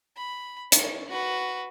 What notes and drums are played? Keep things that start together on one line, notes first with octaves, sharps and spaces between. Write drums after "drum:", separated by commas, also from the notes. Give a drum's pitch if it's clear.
B5
C#4, drum: hi-hat
F#4 B4